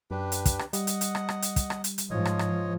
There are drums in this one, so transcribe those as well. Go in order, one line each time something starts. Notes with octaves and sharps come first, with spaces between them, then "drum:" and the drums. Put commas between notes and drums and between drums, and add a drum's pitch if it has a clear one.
F#2 D4 G4 B4
drum: hi-hat
drum: kick, hi-hat
drum: rim click
G3 D#5 F#5, drum: hi-hat
drum: hi-hat
drum: hi-hat
drum: rim click
drum: rim click
drum: hi-hat
drum: kick, hi-hat
drum: rim click
drum: hi-hat
drum: hi-hat
G#2 F3 C#5 D#5
drum: rim click
drum: rim click